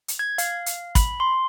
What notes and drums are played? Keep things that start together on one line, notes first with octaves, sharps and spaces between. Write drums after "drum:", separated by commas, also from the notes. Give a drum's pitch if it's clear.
drum: hi-hat
G#6
F5, drum: hi-hat
drum: hi-hat
B5, drum: kick, hi-hat
C6